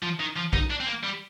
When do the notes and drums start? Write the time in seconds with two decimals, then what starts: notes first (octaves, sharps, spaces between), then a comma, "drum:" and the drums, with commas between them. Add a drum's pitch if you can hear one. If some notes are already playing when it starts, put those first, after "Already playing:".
0.03 F3
0.19 D#3
0.36 F3
0.53 D#4, drum: kick B1
0.70 D4
0.80 C4
0.87 A#3
1.04 G3